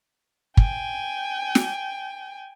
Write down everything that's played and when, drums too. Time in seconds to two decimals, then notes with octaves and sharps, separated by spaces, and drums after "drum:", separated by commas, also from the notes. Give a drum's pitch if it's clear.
0.57 G5 G#5, drum: kick
1.55 drum: snare